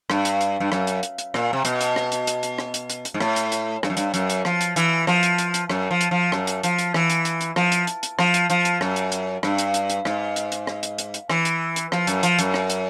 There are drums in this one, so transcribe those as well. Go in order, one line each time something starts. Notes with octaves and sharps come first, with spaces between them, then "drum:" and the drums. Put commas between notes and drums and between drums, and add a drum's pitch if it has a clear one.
G2, drum: rim click
drum: hi-hat
drum: hi-hat
G2
F#2, drum: rim click
drum: hi-hat
drum: hi-hat
drum: hi-hat
A#2, drum: rim click
C3
B2, drum: hi-hat
drum: hi-hat
drum: rim click
drum: hi-hat
drum: hi-hat
drum: hi-hat
drum: rim click
drum: hi-hat
drum: hi-hat
drum: hi-hat
G#2
A2, drum: rim click
drum: hi-hat
drum: hi-hat
G2, drum: rim click
F#2
G2, drum: hi-hat
F#2, drum: hi-hat
drum: hi-hat
F3, drum: rim click
drum: hi-hat
E3, drum: hi-hat
F3, drum: rim click
drum: hi-hat
drum: hi-hat
drum: hi-hat
F#2, drum: rim click
F3
drum: hi-hat
F3
F#2, drum: rim click
drum: hi-hat
F3, drum: hi-hat
drum: hi-hat
E3, drum: rim click
drum: hi-hat
drum: hi-hat
drum: hi-hat
F3, drum: rim click
drum: hi-hat
drum: hi-hat
drum: hi-hat
F3, drum: rim click
drum: hi-hat
F3, drum: hi-hat
drum: hi-hat
F#2, drum: rim click
drum: hi-hat
drum: hi-hat
G2, drum: rim click
drum: hi-hat
drum: hi-hat
drum: hi-hat
G#2, drum: rim click
drum: hi-hat
drum: hi-hat
drum: rim click
drum: hi-hat
drum: hi-hat
drum: hi-hat
E3, drum: rim click
drum: hi-hat
drum: hi-hat
F3, drum: rim click
F#2, drum: hi-hat
F3, drum: hi-hat
F#2, drum: hi-hat
drum: rim click
drum: hi-hat